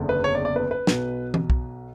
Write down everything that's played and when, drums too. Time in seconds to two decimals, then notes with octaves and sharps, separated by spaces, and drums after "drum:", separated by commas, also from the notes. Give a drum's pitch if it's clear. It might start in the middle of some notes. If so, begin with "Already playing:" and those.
Already playing: F#1 E2 D3
0.09 B4
0.24 C#5
0.35 D5
0.45 D5
0.56 B4
0.71 B4
0.87 B1 B2, drum: snare
1.34 drum: tom E3
1.50 drum: kick B1